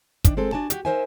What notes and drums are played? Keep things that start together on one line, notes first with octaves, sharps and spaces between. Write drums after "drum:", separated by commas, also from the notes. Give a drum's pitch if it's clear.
D#3 D4, drum: kick, hi-hat
G#3 C4 A4
D4 F#4 G#5 A5
F#4 G4, drum: hi-hat
D#4 E4 A#4 C5 E5 G#5